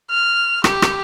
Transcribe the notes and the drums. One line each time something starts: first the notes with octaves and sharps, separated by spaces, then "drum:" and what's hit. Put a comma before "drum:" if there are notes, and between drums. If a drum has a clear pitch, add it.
F6
G4, drum: rim click
drum: rim click